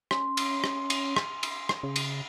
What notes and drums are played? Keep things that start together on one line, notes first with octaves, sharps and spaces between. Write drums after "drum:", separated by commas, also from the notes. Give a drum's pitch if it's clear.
C#4 C6, drum: rim click
drum: cymbal
drum: rim click
drum: cymbal
drum: rim click
drum: cymbal
drum: rim click
C#3
drum: cymbal